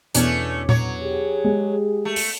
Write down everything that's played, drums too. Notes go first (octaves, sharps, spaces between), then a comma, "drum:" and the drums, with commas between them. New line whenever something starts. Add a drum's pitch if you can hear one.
E2 B2 A3 C#4 D4, drum: hi-hat
F#3 C#5, drum: tom A#2
G4 G#4
G#3
A3
drum: open hi-hat